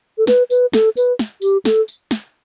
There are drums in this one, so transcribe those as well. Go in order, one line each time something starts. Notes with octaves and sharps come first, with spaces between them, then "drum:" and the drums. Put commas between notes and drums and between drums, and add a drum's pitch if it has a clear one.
A4
B4, drum: snare
B4, drum: tambourine
A4, drum: snare
B4, drum: tambourine
drum: snare
G4, drum: tambourine
A4, drum: snare
drum: tambourine
drum: snare